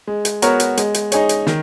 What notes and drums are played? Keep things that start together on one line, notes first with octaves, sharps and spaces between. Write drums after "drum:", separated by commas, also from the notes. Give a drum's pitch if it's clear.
G#3
drum: hi-hat
B3 F#4 A#4 C#5, drum: hi-hat
drum: hi-hat
G#3, drum: hi-hat
drum: hi-hat
D#4 G#4 C#5, drum: hi-hat
drum: hi-hat
D#3, drum: snare